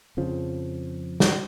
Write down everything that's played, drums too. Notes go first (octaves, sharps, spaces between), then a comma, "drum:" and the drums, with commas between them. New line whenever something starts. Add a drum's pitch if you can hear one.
F2 C#3 F3
drum: snare